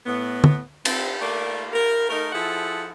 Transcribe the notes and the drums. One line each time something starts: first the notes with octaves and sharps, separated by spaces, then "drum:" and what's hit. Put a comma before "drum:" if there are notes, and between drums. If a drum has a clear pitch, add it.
A2 B3
drum: tom
C4, drum: cymbal
A3 A#3 A#4 D5
A#4
A3 D#4 A#4
F3 E4 G#4 A4 F#5